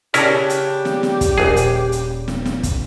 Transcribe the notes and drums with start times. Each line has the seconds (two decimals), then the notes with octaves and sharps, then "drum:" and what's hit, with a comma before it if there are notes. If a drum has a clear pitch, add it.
0.14 C#3 C#4 D4 E4 G4 A#4, drum: hi-hat
0.50 drum: hi-hat
0.85 drum: snare
1.03 drum: snare
1.21 drum: kick, hi-hat
1.38 D#1 A#1 G#4
1.56 drum: hi-hat
1.92 drum: hi-hat
2.28 drum: snare
2.46 drum: snare
2.63 drum: kick, hi-hat